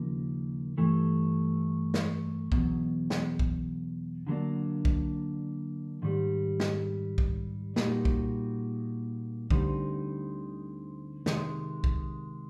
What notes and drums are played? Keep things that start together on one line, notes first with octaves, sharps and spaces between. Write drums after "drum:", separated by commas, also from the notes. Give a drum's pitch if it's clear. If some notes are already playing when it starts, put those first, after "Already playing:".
Already playing: D#2 C#3 F3 A#3 D#4
G2 E3 A3
drum: snare
E2 B2 F#3, drum: kick
drum: snare
drum: kick
D3 F#3 A#3 D4
drum: kick
G#2 D#3 G3
drum: snare
drum: kick
A#2 G3 A#3 D#4 F#4, drum: snare
drum: kick
D2 D3 G3 C4 D#4, drum: kick
C3 D#3 G#3, drum: snare
drum: kick